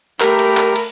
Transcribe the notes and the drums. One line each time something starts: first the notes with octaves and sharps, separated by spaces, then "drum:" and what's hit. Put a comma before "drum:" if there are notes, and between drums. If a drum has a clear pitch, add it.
A3 G4 A#4 B5, drum: clap
drum: cymbal
drum: clap
drum: cymbal